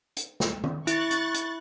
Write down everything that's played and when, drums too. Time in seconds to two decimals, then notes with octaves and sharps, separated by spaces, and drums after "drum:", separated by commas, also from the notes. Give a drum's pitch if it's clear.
0.17 drum: hi-hat
0.40 drum: snare
0.64 drum: tom
0.87 E4 C#6 F#6 A6, drum: hi-hat
1.11 drum: hi-hat
1.34 drum: hi-hat